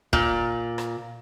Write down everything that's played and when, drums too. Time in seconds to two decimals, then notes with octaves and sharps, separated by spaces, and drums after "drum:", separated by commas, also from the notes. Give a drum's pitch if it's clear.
0.13 A#2, drum: kick
0.78 drum: rim click